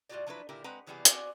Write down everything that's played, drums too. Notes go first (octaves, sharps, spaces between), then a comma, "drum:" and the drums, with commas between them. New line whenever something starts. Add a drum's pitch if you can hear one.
A2 G3 F4 F#4 C#5 D5
F3 F#3 D4 E4 B4
A#2 D3 E4 G4 A#4
G#3 C4 B4 F#5 A#5
C3 E3 F#3 G3 B3 G#4
C4 F#4 D5 G#5, drum: hi-hat